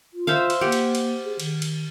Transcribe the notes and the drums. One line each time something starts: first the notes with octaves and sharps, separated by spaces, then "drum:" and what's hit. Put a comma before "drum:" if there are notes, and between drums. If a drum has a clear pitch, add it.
F4
C5 E5 F5
drum: cymbal
A#3 G4 F#5
drum: cymbal
drum: cymbal
G#4
D#3, drum: cymbal
drum: cymbal